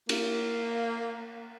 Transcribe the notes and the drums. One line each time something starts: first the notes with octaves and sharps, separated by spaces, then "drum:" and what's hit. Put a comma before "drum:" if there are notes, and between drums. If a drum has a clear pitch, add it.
A#3, drum: cymbal